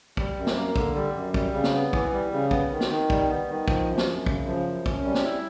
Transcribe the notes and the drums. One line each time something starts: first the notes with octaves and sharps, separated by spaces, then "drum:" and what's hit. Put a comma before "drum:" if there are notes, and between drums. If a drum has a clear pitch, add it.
G3, drum: kick
F#2
drum: snare
A#3
D3, drum: kick
G3
F#2
G3, drum: kick
C#3
drum: snare
B3
E3, drum: kick
G3
C#3
B3, drum: kick
D#3
drum: snare
D#3
G3, drum: kick
B3
D#3
F3, drum: kick
F#2
drum: snare
F#2
C#3, drum: kick
F3
F#2
C#4, drum: kick
G3
drum: snare
E4